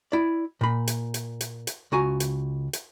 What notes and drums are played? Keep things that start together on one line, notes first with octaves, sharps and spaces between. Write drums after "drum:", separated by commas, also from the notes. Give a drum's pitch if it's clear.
E4 D5
A#2 B5
drum: hi-hat
drum: hi-hat
drum: hi-hat
drum: hi-hat
C#2 F#4 G#5 A#5
drum: hi-hat
drum: hi-hat